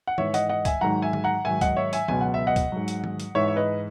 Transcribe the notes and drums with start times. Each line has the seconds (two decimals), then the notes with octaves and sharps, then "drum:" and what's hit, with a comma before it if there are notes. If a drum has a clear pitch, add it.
0.07 F#5
0.18 G#2 E3 C#5 E5, drum: tom D#3
0.34 D#5 F#5, drum: hi-hat
0.49 D#5 F#5
0.65 E5 G#5, drum: kick C#2, hi-hat
0.81 G#2 D#3 F#3 F#5 A#5
1.02 E5 G#5
1.13 drum: tom D3
1.24 F#5 A#5
1.45 G#2 D#3 F#3 E5 G#5
1.61 D#5 F#5, drum: kick C#2, hi-hat
1.77 C#5 E5
1.93 E5 G#5, drum: hi-hat
2.08 C#2 B2 F#3 G#5, drum: tom D#3
2.21 F#5
2.34 E5
2.47 D#5 F#5
2.56 drum: kick C#2, hi-hat
2.72 G#2 F#3
2.88 drum: hi-hat
3.04 drum: tom D#3
3.20 drum: hi-hat
3.35 G#2 E3 C#5 E5
3.48 E5
3.56 B4 D#5